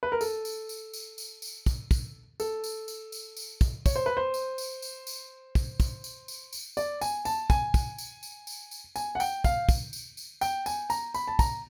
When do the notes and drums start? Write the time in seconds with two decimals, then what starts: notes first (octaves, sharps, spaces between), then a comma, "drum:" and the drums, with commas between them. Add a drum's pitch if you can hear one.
0.03 B4
0.12 A#4
0.21 A4, drum: tambourine
0.45 drum: tambourine
0.69 drum: tambourine
0.93 drum: tambourine
1.18 drum: tambourine
1.42 drum: tambourine
1.66 drum: kick, tambourine
1.91 drum: kick, tambourine
2.40 A4, drum: tambourine
2.64 drum: tambourine
2.88 drum: tambourine
3.12 drum: tambourine
3.37 drum: tambourine
3.61 drum: kick, tambourine
3.86 C#5, drum: kick, tambourine
3.96 C5
4.06 B4
4.17 C5
4.34 drum: tambourine
4.58 drum: tambourine
4.82 drum: tambourine
5.07 drum: tambourine
5.55 drum: kick, tambourine
5.80 drum: kick, tambourine
6.04 drum: tambourine
6.28 drum: tambourine
6.53 drum: tambourine
6.77 D5, drum: tambourine
7.01 G#5, drum: tambourine
7.25 A5, drum: tambourine
7.50 G#5, drum: kick, tambourine
7.74 drum: kick, tambourine
7.98 drum: tambourine
8.23 drum: tambourine
8.47 drum: tambourine
8.71 drum: tambourine
8.96 G#5, drum: tambourine
9.15 F#5
9.20 G5, drum: tambourine
9.44 F5, drum: kick, tambourine
9.69 drum: kick, tambourine
9.93 drum: tambourine
10.17 drum: tambourine
10.41 G5, drum: tambourine
10.66 G#5, drum: tambourine
10.90 A#5, drum: tambourine
11.14 B5, drum: tambourine
11.28 A5
11.39 A#5, drum: kick, tambourine